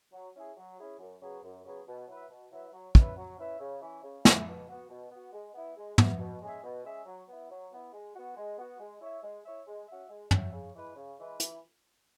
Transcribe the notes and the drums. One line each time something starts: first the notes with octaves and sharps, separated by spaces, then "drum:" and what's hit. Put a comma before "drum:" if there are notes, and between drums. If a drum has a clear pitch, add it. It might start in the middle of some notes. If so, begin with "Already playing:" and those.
F#3
C#4 E4 G#4
F#3
C#4 E4 G#4
F#2
C#3 F#3 B3 G#4
F#2
C#3 F#3 B3 G#4
B2
F#3 E4 B4 E5
B2
F#3 E4 B4 E5
F#3
C#4 E4 B4 E5, drum: kick
F#3
C#4 E4 B4 E5
C#3
E3 C#4 E4
C#3
E3 C#4 E4, drum: snare
B2
B3 F#4
B2
B3 F#4
G#3
B3 E4
G#3
B3 E4, drum: tom
B2
G#3 C#4 G#4 E5
B2
G#3 C#4 G#4 E5
F#3
B3 E4
F#3
B3 E4
G#3
B3 F#4
G#3
B3 F#4
G#3
E4 C#5 E5
G#3
E4 C#5 E5
G#3
C#4 F#4 E5
G#3
C#4 F#4 E5, drum: tom
C#3
E3 G#3 E4 B4
C#3
E3 G#3 E4 B4
E3, drum: hi-hat